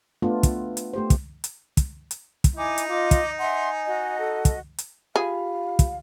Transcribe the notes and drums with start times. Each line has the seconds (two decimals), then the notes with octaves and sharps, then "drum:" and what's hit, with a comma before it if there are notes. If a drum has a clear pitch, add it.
0.22 A3 B3 D4 F4
0.43 drum: kick, hi-hat
0.77 drum: hi-hat
0.93 A3 G4 C5
1.10 drum: kick, hi-hat
1.44 drum: hi-hat
1.77 drum: kick, hi-hat
2.11 drum: hi-hat
2.44 drum: kick, hi-hat
2.56 D#4 E4 G#5 D6
2.78 drum: hi-hat
2.89 F4 D#5 D6
3.11 drum: kick, hi-hat
3.39 E5 F#5 G#5 C6
3.85 F#4 D#5
4.19 A4
4.45 drum: kick, hi-hat
4.78 drum: hi-hat
5.16 F4 G4 G#4 F5 B5
5.79 drum: kick, hi-hat